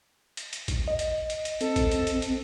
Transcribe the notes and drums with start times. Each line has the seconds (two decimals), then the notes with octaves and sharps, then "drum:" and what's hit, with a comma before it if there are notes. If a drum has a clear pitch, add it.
0.37 drum: hi-hat
0.53 drum: hi-hat
0.68 drum: kick, hi-hat
0.88 D#5
0.99 drum: hi-hat
1.30 drum: hi-hat
1.45 drum: hi-hat
1.61 C4 A4, drum: hi-hat
1.76 drum: kick, hi-hat
1.91 drum: hi-hat
2.07 drum: hi-hat
2.22 drum: hi-hat